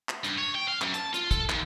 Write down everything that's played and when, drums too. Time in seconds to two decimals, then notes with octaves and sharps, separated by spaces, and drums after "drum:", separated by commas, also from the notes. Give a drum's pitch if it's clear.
0.09 drum: clap
0.24 G2, drum: hi-hat
0.38 C#5
0.55 G5
0.68 F5
0.82 F#2, drum: clap
0.94 A5, drum: hi-hat
1.14 F4, drum: hi-hat
1.31 A4, drum: kick, hi-hat
1.50 D#2, drum: clap